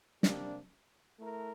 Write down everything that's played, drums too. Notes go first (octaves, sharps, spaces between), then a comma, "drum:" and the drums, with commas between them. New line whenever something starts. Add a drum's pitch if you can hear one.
C3 G3 A#3 D4, drum: snare
A3 E4 A#4